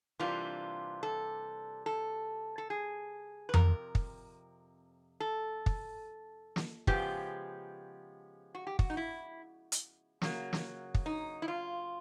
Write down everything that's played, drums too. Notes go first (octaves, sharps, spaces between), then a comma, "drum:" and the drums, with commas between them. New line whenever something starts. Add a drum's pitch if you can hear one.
C3 E3 G3 A#3 D4 F4
A4
A4
A4
G#4
B4
F2 C3 A#4, drum: tom F2
drum: kick
A4
drum: kick
drum: snare
C#3 F3 G#3 B3 G4, drum: kick
F#4
G4
F#4, drum: kick
D#4
E4
drum: hi-hat
C#3 F#3 A#3, drum: snare
drum: snare
drum: kick
D#4
E4
F4